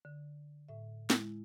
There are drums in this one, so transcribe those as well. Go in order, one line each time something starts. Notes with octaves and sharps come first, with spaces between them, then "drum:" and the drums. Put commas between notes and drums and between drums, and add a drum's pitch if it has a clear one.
D3
A2 E5
G#3 E4, drum: snare